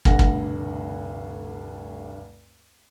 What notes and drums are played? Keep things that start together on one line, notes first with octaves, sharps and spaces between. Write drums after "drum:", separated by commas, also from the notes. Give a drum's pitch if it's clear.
F1 D2 G2 B2 F#5 A#6, drum: kick
drum: kick